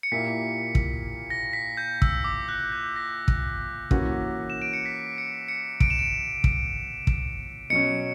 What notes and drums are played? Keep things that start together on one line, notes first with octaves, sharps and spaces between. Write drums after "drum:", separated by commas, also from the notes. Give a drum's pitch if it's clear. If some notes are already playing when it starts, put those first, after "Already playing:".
C#7
A#2 A#3 E4 G4 B6
drum: kick
A#6
B6
G6
E6, drum: kick
D6
F#6
G6
A#6
drum: kick
E3 A#3 C#4 F#4, drum: kick
E7
D7
C#7
B6
C#7
C#7
D7, drum: kick
E7
D7
drum: kick
drum: kick
B2 F#3 C#4 C#7